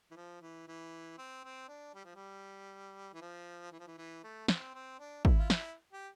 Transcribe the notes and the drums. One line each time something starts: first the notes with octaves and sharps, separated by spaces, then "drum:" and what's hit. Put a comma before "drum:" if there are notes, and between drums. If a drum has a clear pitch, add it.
E3
F3
E3
E3
C4
C4
D4
G3
F3
G3
E3
F3
E3
F3
E3
E3
A3
C4, drum: snare
C4
D4
E4, drum: kick
F4
E4, drum: snare
G4